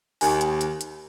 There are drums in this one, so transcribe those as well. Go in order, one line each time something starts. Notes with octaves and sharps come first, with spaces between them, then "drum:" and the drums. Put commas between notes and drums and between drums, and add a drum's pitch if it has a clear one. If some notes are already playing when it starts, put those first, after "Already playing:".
D#2 G#5, drum: open hi-hat
drum: hi-hat
drum: hi-hat
drum: hi-hat